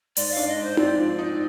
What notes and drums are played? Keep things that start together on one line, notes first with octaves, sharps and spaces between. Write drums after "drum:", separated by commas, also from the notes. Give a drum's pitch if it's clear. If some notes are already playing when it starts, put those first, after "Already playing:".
G#2 D5, drum: open hi-hat
F5
D4
D#5
G#2
C5
C4 D5, drum: tom D#4
F3
D#4